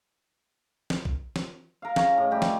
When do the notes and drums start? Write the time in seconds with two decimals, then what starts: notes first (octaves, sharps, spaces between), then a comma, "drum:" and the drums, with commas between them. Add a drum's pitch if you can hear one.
0.90 drum: snare
1.05 drum: kick B1
1.36 drum: snare
1.82 A#4 F5
1.96 C#3 C#4 A#5, drum: snare
2.18 A2 C#4 D#5
2.31 G3 A3 G4
2.42 drum: snare